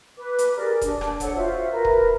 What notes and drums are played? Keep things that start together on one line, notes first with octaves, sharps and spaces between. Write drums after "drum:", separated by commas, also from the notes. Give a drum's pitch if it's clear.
B4 D6
drum: hi-hat
G4 G#4 A#4 D5
D4, drum: kick D#1, hi-hat
drum: rim click
A4 C5 C#5 F#5, drum: kick D#1, hi-hat
F4 F#4 C5 E5
A#4 B4
drum: kick D#1